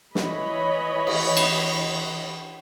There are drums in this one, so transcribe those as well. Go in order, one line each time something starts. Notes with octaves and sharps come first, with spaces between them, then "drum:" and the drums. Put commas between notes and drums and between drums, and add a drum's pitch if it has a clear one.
E3 C#5 D#5 B5, drum: snare
drum: cymbal
drum: cymbal